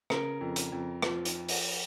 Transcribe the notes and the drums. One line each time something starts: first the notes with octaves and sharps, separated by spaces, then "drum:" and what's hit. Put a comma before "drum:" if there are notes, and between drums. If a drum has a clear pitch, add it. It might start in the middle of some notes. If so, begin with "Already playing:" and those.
C#3 A#4, drum: rim click
F2
drum: hi-hat
F2
F3, drum: rim click
drum: hi-hat
drum: open hi-hat